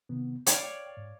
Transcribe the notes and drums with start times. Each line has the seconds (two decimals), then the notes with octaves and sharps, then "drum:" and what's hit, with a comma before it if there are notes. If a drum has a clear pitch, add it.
0.09 C3 D#3 B3
0.47 C#5 D5 F5 G5, drum: hi-hat
0.97 G#2